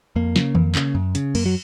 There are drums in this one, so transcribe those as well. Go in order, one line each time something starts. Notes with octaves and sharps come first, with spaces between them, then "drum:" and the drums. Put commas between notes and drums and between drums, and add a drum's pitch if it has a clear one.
F2 A#3
C#3, drum: snare
F2, drum: tom D#3
C#3, drum: clap
F#2
C#3, drum: hi-hat
F#2 A#3, drum: cymbal
F#3